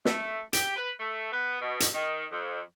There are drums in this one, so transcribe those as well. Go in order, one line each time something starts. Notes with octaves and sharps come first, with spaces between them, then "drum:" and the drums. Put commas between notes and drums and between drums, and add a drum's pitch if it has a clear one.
A3, drum: snare
G4, drum: hi-hat
B4
A3
B3
B2
drum: hi-hat
D#3
F2